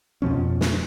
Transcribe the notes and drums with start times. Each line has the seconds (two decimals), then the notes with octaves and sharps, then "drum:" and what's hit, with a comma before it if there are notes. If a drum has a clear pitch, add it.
0.22 F2 B2 F3 C#4
0.61 drum: snare